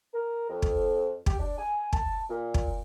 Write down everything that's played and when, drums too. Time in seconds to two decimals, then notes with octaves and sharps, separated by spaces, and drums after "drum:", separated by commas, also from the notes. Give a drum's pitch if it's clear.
0.14 A#4
0.48 F2
0.62 drum: kick
1.26 G4, drum: kick
1.39 D4
1.57 G#5
1.93 A5, drum: kick
2.29 A#2
2.54 drum: kick